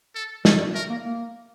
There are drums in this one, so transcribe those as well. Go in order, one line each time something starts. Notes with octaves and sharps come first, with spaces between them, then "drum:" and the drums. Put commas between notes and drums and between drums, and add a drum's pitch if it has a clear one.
A4
G3 A4, drum: snare
G3
A3 A#4
A#3
A#3